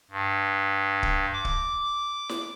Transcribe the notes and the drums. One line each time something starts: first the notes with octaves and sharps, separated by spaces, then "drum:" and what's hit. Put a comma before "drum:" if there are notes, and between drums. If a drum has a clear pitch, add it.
G2
drum: kick D1
D6
drum: kick D1
drum: snare